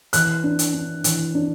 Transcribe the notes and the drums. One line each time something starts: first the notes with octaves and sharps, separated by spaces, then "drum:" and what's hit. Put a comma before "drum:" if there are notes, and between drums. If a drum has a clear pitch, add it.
E3 F#6, drum: hi-hat
D4
drum: hi-hat
D4
E3, drum: hi-hat
D4